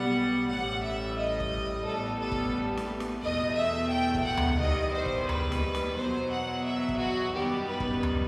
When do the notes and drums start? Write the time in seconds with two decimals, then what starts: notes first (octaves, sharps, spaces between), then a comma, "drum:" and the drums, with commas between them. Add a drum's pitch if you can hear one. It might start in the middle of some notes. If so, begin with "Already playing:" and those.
Already playing: B1 B2 G3 B3 F#5
0.49 A1 A2 G3 F#5
0.83 E5
1.17 D#5
1.40 drum: kick
1.86 A1 A2 G3 B3 A4
2.20 A4
2.32 drum: kick
2.77 drum: snare
3.00 drum: snare
3.23 E2 B2 A3 D#5
3.57 E5
3.92 G5
4.15 drum: kick
4.26 F#5
4.37 drum: tom D2
4.60 E2 D#3 G3 D#5
4.94 C5
5.06 drum: kick
5.29 B4, drum: tom D2
5.52 drum: snare
5.75 drum: snare
5.97 E2 B2 F#3 B3 C5
6.32 F#5
6.66 E5
6.89 drum: kick
7.00 F#4
7.35 F#2 D#3 G3 B3 G4
7.69 B4
7.80 drum: kick
8.03 drum: tom D2